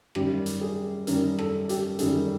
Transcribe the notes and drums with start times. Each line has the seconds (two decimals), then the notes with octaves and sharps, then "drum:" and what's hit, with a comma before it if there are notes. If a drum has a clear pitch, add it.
0.15 F#2 D#3 G3 G4, drum: rim click
0.46 drum: hi-hat
0.61 G#4
1.07 F#2 D#3 G3 A#4, drum: hi-hat
1.39 A4, drum: rim click
1.69 G4, drum: hi-hat
1.99 F#2 D#3 G3 G#4, drum: hi-hat